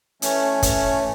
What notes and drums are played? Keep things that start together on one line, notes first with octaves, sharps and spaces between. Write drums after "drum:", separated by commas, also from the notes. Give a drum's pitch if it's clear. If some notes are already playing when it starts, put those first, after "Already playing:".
E3 A3 C#4, drum: hi-hat
E3 A3 C#4, drum: kick, hi-hat